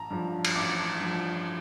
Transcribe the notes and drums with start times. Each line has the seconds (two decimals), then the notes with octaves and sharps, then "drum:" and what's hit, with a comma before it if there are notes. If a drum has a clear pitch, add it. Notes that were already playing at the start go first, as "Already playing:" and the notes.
Already playing: A1 A5 A#5
0.10 G2 F3
0.44 E6, drum: cymbal
0.55 A1 D6
1.00 G2 F3